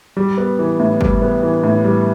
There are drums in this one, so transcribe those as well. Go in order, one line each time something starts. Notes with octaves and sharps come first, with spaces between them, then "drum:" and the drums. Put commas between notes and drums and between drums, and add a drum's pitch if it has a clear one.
G3
B3
E3
A2
G3, drum: kick
B3
E3
A2
G3